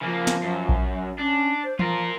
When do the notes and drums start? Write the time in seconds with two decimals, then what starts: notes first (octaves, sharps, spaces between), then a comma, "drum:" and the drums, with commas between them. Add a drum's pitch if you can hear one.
0.02 C#3 F3 A#3
0.27 drum: snare
0.44 F#2
0.69 drum: kick A#1
1.18 C#4 D4
1.63 C5
1.79 F3 F4 A#4, drum: tom E3